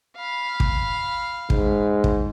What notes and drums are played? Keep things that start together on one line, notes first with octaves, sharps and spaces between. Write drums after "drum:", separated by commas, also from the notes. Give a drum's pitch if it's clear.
F5 B5
drum: kick
G#2, drum: kick
drum: kick